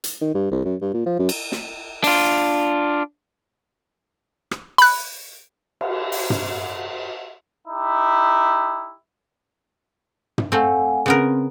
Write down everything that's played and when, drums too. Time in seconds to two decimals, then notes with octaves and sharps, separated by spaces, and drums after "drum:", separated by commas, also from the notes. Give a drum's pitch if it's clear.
0.04 drum: hi-hat
0.21 D#3
0.34 G2
0.51 C2
0.65 F#2
0.81 G2
0.94 A#2
1.06 F3
1.19 F#2
1.29 drum: cymbal
1.52 drum: snare
2.04 D4 F4, drum: open hi-hat
4.51 drum: rim click
4.78 B5 F#6, drum: open hi-hat
5.81 drum: cymbal
6.12 drum: open hi-hat
6.30 drum: tom
7.68 D#4 E4 G4
10.38 drum: tom
10.52 A3 C4 F5 F#5 G#5
11.06 C#3 B3 C4 A#4